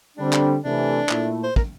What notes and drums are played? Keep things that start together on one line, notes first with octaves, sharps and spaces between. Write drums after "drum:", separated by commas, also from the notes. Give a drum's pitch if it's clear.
D3 G3 C4 D4
drum: clap
C3 E3 A3 D4
A#2 A3 E4, drum: clap
C5
A#4, drum: kick